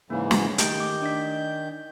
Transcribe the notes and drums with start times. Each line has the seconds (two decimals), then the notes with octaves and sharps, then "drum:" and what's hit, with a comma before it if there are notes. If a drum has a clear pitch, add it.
0.10 G#2 C#3 E3 A#3
0.31 drum: snare
0.58 D#3 A3 G4 G6 D7, drum: hi-hat
0.80 D6
1.02 D4 D#5 B6